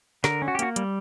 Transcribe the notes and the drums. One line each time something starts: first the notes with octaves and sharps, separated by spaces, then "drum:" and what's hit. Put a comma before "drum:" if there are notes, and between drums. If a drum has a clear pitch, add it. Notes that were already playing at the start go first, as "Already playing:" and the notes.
D3 A#4, drum: snare
C#4
F#4
G4
A#3 F#4, drum: hi-hat
G3, drum: hi-hat